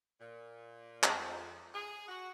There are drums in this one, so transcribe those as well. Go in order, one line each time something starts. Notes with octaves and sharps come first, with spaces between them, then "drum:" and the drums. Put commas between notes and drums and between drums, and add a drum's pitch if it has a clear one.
A#2
F2, drum: clap
G#4
F#4